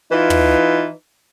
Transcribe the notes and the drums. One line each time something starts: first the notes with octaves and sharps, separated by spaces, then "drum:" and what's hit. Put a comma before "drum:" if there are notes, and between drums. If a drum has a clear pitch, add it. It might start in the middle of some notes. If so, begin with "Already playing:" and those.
E3 D#4 F4
drum: tom